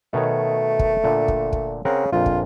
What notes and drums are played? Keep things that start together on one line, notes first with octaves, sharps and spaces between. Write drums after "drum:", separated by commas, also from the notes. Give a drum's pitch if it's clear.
B2 D#3 A3 C#5
drum: kick
A#2 D3
drum: kick
drum: kick
C#3 C4 A#4 F#5
A#1 F2 F4
drum: kick